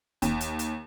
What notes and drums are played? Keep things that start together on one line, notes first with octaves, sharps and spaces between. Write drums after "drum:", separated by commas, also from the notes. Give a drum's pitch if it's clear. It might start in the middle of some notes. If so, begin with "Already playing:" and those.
D#2, drum: kick D1, hi-hat
drum: hi-hat
drum: hi-hat